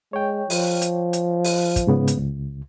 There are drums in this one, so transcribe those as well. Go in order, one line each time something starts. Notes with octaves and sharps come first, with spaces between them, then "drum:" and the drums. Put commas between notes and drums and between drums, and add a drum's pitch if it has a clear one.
G#3 C#5 G5
F3, drum: open hi-hat
drum: hi-hat
drum: hi-hat
drum: open hi-hat
drum: kick, hi-hat
G#2 C#3 B3
drum: hi-hat
C#2